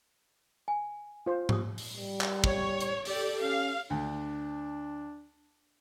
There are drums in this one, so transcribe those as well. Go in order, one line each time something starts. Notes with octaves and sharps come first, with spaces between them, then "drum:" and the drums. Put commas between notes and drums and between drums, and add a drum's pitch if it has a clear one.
G#5
F4 C5
G4 D#6, drum: tom G#2
drum: open hi-hat
G3
drum: clap
C#5, drum: kick
drum: hi-hat
G4 A4 D5, drum: open hi-hat
C#4 F5
D2 D4